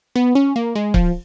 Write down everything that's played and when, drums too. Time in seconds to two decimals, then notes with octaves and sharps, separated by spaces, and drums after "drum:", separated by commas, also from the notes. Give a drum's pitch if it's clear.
0.16 B3
0.35 C#4
0.56 A#3
0.75 G#3
0.94 F3, drum: kick C#1